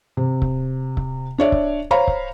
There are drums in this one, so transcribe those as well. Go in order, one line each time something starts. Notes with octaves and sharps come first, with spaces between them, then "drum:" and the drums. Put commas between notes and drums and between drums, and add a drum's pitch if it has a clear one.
C3
drum: kick C#1
drum: kick C#1
D4 C#5 D5 E5
drum: kick C#1
C5 C#5 F5 A#5 B5
drum: kick C#1